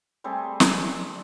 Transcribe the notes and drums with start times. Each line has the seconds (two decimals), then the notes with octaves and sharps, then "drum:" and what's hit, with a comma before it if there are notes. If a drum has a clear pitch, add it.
0.24 G3 A3 C4 G#4
0.60 drum: snare
1.00 D5